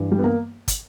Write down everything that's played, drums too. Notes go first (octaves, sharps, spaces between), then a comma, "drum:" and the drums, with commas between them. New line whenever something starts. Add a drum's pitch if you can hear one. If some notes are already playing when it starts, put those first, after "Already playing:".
Already playing: G2 E3
G3
B3
A#3
drum: kick, hi-hat